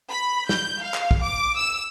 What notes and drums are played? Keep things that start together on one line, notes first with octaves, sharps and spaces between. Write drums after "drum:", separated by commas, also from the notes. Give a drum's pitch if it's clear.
B5
G6, drum: snare
F5
drum: clap
drum: kick
D6
E6